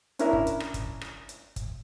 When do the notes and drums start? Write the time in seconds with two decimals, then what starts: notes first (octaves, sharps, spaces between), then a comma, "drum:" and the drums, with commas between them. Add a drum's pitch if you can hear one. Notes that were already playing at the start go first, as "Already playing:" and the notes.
0.19 C#4 D4 E4 A#4, drum: hi-hat
0.33 drum: kick
0.47 drum: hi-hat
0.60 drum: rim click
0.74 drum: kick, hi-hat
1.01 drum: rim click
1.29 drum: hi-hat
1.56 drum: kick, hi-hat